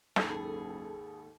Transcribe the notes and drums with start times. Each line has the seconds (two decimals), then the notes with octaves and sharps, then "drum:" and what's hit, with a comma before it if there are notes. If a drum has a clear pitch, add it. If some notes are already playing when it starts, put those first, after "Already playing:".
0.16 F#1 D#2 G#2 G#4 A4 A5 B5, drum: snare